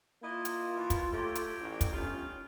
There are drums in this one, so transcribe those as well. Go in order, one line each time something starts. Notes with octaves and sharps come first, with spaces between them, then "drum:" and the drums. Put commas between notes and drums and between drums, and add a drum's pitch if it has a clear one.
A#3 E4 F4 D#5
drum: hi-hat
B2 E3
drum: kick, hi-hat
F#3 A3 G4
drum: hi-hat
A1
drum: kick, hi-hat
G1 A2 D#3 C#4 F4